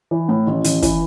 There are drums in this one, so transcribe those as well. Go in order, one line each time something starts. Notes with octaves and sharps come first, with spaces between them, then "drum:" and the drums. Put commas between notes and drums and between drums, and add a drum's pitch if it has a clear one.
E3
A2
A1
A1, drum: hi-hat
E3, drum: kick, hi-hat